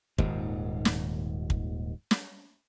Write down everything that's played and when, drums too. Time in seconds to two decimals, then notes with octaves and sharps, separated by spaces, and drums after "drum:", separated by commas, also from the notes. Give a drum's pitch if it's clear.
0.18 D#1 D#2 G#2, drum: kick
0.85 drum: snare
1.50 drum: kick
2.11 drum: snare